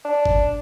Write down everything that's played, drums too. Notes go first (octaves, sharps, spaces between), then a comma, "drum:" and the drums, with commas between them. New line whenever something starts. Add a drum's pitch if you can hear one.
D4
drum: kick F#1